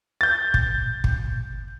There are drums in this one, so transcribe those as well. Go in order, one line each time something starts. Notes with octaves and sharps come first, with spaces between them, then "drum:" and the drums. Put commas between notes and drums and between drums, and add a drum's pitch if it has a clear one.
G6 A6
drum: kick
drum: kick